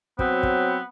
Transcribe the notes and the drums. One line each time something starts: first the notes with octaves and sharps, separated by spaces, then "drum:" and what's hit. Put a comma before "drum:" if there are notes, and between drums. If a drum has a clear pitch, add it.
F#3 B3 C4, drum: kick
drum: kick